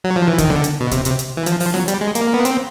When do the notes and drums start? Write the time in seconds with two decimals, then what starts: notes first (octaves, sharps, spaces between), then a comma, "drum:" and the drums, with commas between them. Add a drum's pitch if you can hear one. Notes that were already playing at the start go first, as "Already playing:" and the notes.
0.04 F#3
0.16 F3
0.27 E3
0.38 D#3, drum: kick D2, hi-hat
0.50 D3, drum: snare B3
0.64 drum: hi-hat
0.81 B2
0.91 C3, drum: kick D2, hi-hat
1.05 C3, drum: hi-hat
1.19 drum: hi-hat
1.37 E3
1.46 F3, drum: hi-hat
1.60 F3, drum: open hi-hat
1.74 F#3, drum: snare B3
1.88 G3, drum: hi-hat
2.01 G#3
2.15 A#3, drum: hi-hat
2.34 B3
2.45 C4, drum: hi-hat